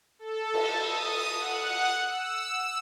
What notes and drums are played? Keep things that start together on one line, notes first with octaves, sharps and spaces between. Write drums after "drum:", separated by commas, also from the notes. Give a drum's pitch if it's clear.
A4
drum: cymbal
D#6
F#5
E6